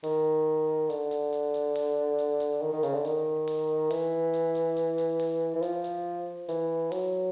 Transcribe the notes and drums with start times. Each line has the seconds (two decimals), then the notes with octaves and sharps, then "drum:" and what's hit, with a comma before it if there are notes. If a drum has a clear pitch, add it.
0.04 D#3, drum: open hi-hat
0.90 D3, drum: hi-hat
1.11 drum: hi-hat
1.33 drum: hi-hat
1.54 drum: hi-hat
1.76 drum: open hi-hat
2.19 drum: hi-hat
2.40 drum: hi-hat
2.62 D#3
2.73 D#3
2.83 C#3, drum: hi-hat
2.94 D3
3.05 D#3, drum: hi-hat
3.48 drum: open hi-hat
3.91 E3, drum: open hi-hat
4.34 drum: hi-hat
4.55 drum: hi-hat
4.77 drum: hi-hat
4.98 drum: hi-hat
5.20 drum: open hi-hat
5.55 E3
5.62 F3, drum: hi-hat
5.84 drum: hi-hat
6.49 E3, drum: hi-hat
6.92 F#3, drum: open hi-hat